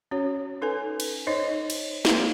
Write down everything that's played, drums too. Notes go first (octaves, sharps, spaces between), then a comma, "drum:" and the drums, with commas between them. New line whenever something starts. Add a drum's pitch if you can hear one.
C#4 F#4 C#5
D#4 A4 B4 G#5
drum: cymbal
D#4 C5 C#5 D#5
drum: cymbal
A#3 D#4 B4 E5 F5 A#5, drum: snare